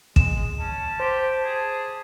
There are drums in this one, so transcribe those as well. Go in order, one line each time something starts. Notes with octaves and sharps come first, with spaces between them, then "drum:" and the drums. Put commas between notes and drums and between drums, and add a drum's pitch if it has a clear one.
G#3 E7, drum: kick
C#4 A5
G4 C5
G#4